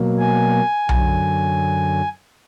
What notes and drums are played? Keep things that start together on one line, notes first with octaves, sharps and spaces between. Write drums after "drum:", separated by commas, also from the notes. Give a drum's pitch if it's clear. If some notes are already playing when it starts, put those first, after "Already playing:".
Already playing: B2 F#3 A#3
G#5
F#2 D3 F#3, drum: tom B1